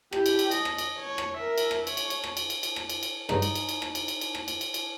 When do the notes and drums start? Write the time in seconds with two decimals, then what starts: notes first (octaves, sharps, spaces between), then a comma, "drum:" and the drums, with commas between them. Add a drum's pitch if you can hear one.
0.13 E4 G4, drum: rim click
0.26 drum: cymbal
0.39 drum: cymbal
0.51 D#5, drum: cymbal
0.65 drum: rim click
0.78 drum: cymbal
0.99 C#5
1.18 drum: rim click
1.37 A#4 E5
1.58 drum: cymbal
1.71 drum: rim click
1.87 C#5, drum: cymbal
1.97 drum: cymbal
2.10 drum: cymbal
2.24 drum: rim click
2.37 drum: cymbal
2.50 drum: cymbal
2.63 drum: cymbal
2.76 drum: rim click
2.89 drum: cymbal
3.03 drum: cymbal
3.29 C#2 G2 F#3 D#4, drum: rim click
3.42 drum: cymbal
3.55 drum: cymbal
3.69 drum: cymbal
3.82 drum: rim click
3.95 drum: cymbal
4.08 drum: cymbal
4.21 drum: cymbal
4.35 drum: rim click
4.48 drum: cymbal
4.61 drum: cymbal
4.74 drum: cymbal